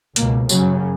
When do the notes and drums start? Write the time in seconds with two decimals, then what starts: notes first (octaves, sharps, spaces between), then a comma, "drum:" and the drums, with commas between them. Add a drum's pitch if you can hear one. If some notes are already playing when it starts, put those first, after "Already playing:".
0.16 C#2 B2 A#3, drum: hi-hat
0.49 F#2 C#3 F#3, drum: tambourine